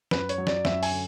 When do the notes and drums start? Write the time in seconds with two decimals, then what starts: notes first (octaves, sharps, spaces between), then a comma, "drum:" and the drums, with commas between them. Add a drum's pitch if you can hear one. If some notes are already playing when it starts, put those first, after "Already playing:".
0.11 F#2 B4, drum: snare
0.29 C#5, drum: hi-hat
0.38 F#3
0.47 D5, drum: snare
0.65 F#2 E5, drum: snare
0.83 G#5, drum: open hi-hat
0.91 D3